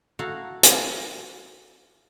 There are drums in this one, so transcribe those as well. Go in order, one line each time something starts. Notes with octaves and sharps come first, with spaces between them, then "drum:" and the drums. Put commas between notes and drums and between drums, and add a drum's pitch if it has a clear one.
E4 F#4 A4 F5 A#5
drum: hi-hat